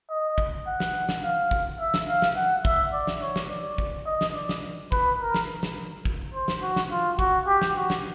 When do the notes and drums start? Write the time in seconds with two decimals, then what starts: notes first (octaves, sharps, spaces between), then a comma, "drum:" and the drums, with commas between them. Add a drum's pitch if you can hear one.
0.10 D#5
0.38 drum: kick
0.66 F#5
0.80 drum: snare
1.09 drum: snare
1.23 F5
1.51 drum: kick
1.80 E5
1.94 drum: snare
2.08 F5
2.22 drum: snare
2.36 F#5
2.65 E5, drum: kick
2.93 D5
3.07 drum: snare
3.22 C#5
3.36 drum: snare
3.50 D5
3.78 drum: kick
4.06 D#5
4.21 drum: snare
4.35 D5
4.49 drum: snare
4.92 B4, drum: kick
5.20 A#4
5.34 drum: snare
5.63 drum: snare
6.05 drum: kick
6.34 C5
6.48 drum: snare
6.62 F#4
6.76 drum: snare
6.91 F4
7.19 F#4, drum: kick
7.47 G4
7.62 drum: snare
7.75 F#4
7.90 drum: snare